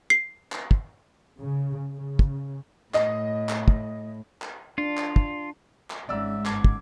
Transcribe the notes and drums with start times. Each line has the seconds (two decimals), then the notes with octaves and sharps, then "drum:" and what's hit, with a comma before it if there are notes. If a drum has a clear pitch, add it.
0.10 C7
0.52 drum: clap
0.71 drum: kick
1.39 C#3
1.95 C#3
2.19 drum: kick
2.94 A2 D#5, drum: clap
3.49 drum: clap
3.68 drum: kick
4.42 drum: clap
4.78 D4 F4
4.98 drum: clap
5.16 drum: kick
5.90 drum: clap
6.09 G#1 E2 G#2 G#3 C#4 D5 E5 E6
6.46 G1 A5 D6 G#6, drum: clap
6.64 drum: kick